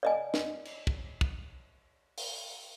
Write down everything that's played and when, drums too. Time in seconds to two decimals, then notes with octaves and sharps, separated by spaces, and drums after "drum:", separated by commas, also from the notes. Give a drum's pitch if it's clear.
0.03 D5 D#5 G#5
0.34 drum: snare
0.65 drum: cymbal
0.87 drum: kick
1.21 drum: kick
2.18 drum: open hi-hat